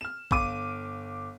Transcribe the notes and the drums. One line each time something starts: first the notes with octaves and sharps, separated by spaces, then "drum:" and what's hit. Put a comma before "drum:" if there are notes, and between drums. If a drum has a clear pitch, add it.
F6 E7
G1 F5 D6 D#7, drum: kick A#1